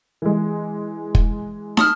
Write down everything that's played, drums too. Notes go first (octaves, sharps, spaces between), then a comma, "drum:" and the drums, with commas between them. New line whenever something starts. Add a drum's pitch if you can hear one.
E3 G#3
drum: kick
A5 D#6 F6, drum: snare